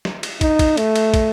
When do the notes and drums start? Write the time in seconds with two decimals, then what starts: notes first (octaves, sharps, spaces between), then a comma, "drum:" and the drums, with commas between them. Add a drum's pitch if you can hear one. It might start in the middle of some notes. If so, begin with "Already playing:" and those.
0.05 drum: snare
0.23 drum: cymbal
0.41 D#4, drum: kick, cymbal
0.59 drum: kick, cymbal
0.77 A3, drum: cymbal
0.95 drum: cymbal
1.14 drum: kick, cymbal